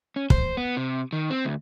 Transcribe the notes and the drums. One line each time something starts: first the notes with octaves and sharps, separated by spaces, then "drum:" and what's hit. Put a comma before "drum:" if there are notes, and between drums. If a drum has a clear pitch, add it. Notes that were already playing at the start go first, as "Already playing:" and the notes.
C#4
C5, drum: kick
B3
C3
D#3
C4
D2